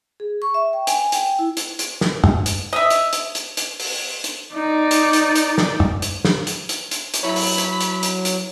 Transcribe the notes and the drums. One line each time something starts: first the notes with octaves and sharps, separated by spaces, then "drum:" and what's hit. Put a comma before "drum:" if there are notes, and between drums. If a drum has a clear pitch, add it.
G#4
C#6
E5
G5
G#5, drum: hi-hat
G5, drum: hi-hat
E4
drum: hi-hat
drum: hi-hat
drum: snare
drum: tom
drum: hi-hat
D#5 E5
drum: hi-hat
drum: hi-hat
drum: hi-hat
drum: hi-hat
drum: open hi-hat
drum: hi-hat
D#4 D5
drum: hi-hat
drum: hi-hat
drum: hi-hat
drum: snare
drum: tom
drum: hi-hat
drum: snare
drum: hi-hat
drum: hi-hat
drum: hi-hat
drum: hi-hat
F#3 E4 C#5 B5
drum: open hi-hat
drum: hi-hat
drum: hi-hat
drum: hi-hat
drum: hi-hat